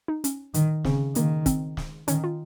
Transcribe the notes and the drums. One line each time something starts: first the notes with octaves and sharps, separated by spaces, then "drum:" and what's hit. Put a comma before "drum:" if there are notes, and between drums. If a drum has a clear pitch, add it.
D#4
C#4, drum: hi-hat
D#3, drum: hi-hat
C#3 C4, drum: snare
D#3 A#3, drum: hi-hat
C4, drum: kick, hi-hat
drum: snare
D#3 C#4, drum: hi-hat
F4